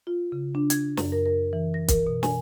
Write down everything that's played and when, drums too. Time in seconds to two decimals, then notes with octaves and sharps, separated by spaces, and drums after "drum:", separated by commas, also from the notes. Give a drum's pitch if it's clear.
0.07 F4
0.32 C#3
0.55 D4
0.70 G#6, drum: hi-hat
0.97 F#2, drum: snare
1.12 A#4
1.26 A#4
1.53 E3
1.74 A#6
1.88 A#4, drum: kick, hi-hat
2.07 B2
2.23 G#5, drum: snare